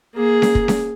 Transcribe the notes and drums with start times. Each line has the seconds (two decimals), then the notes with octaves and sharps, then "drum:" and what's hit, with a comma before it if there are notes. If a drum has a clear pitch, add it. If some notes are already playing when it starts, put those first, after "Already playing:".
0.16 A#3 G#4
0.42 drum: snare C#4
0.55 drum: kick
0.68 drum: snare C#4